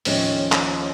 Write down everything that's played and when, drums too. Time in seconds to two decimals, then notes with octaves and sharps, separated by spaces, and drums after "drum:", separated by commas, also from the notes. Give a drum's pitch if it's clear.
0.05 D#2 A2 F3 C#4 D#5 G5, drum: open hi-hat
0.52 drum: clap